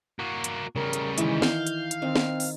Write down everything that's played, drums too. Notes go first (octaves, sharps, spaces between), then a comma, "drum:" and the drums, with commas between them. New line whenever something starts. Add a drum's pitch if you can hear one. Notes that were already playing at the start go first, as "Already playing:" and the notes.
A#3 F#4
drum: hi-hat
C#3 G3 A#4
drum: hi-hat
D#3 E3 G#3, drum: hi-hat
F5 G6, drum: snare
drum: hi-hat
drum: hi-hat
D#3 C4
drum: snare
drum: open hi-hat